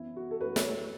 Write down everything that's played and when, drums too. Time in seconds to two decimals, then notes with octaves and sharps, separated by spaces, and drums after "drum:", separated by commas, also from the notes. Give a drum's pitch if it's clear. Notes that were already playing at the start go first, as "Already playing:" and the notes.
Already playing: F#2 E3 B3 E4
0.16 F#4
0.31 A4
0.40 F#2 E3 A3 F#4 B4
0.56 A4 C#5, drum: snare